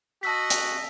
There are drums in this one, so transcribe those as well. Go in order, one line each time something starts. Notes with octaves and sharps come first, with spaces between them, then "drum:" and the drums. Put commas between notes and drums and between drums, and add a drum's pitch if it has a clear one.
F#4 D#5 A5 E6 B6
drum: hi-hat